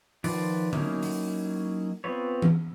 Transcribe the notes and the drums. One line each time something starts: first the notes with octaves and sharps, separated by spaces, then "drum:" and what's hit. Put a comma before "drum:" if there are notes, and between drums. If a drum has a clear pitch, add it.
D#3 F3 F4 B4 D5, drum: open hi-hat
F#3 A#3 C#4 D#4 E4, drum: tom D3
drum: open hi-hat
B3 C4 F4 B4 C#5
drum: tom E3